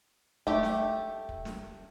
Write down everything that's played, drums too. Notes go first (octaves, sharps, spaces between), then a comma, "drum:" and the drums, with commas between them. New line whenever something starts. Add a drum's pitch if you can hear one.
A3 G4, drum: kick
drum: snare
drum: kick
drum: snare